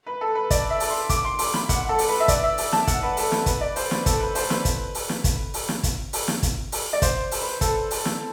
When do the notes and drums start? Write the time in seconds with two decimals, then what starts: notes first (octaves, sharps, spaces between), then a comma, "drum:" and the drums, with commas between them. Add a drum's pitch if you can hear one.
0.06 B4
0.21 A4
0.35 B4
0.50 D5, drum: kick, hi-hat
0.70 E5
0.80 drum: open hi-hat
0.90 C6
1.09 D6, drum: kick, hi-hat
1.24 C6
1.39 C6, drum: open hi-hat
1.54 B5, drum: snare
1.69 F#5, drum: kick, hi-hat
1.89 A4
1.98 drum: open hi-hat
2.09 B4
2.20 E5
2.28 D5, drum: kick, hi-hat
2.43 E5
2.58 drum: open hi-hat
2.72 A5, drum: snare
2.87 F#5, drum: kick, hi-hat
3.02 B4
3.17 A4, drum: open hi-hat
3.32 B4, drum: snare
3.46 B4, drum: kick, hi-hat
3.61 D5
3.76 C5, drum: open hi-hat
3.91 B4, drum: snare
4.06 A4, drum: kick, hi-hat
4.20 B4
4.35 C5, drum: open hi-hat
4.50 B4, drum: snare
4.65 drum: kick, hi-hat
4.95 drum: open hi-hat
5.09 drum: snare
5.24 drum: kick, hi-hat
5.54 drum: open hi-hat
5.69 drum: snare
5.83 drum: kick, hi-hat
6.13 drum: open hi-hat
6.28 drum: snare
6.43 drum: kick, hi-hat
6.72 drum: open hi-hat
6.93 D5
7.02 C5, drum: kick, hi-hat
7.31 drum: open hi-hat
7.41 B4
7.61 A4, drum: kick, hi-hat
7.91 drum: open hi-hat
8.05 drum: snare